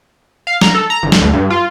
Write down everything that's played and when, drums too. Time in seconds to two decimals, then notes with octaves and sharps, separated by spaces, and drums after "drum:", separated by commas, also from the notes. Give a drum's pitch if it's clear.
0.47 F5
0.61 A#5, drum: snare
0.75 A4
0.90 A#5
1.03 G1
1.12 drum: snare
1.22 D2
1.33 G2
1.50 F4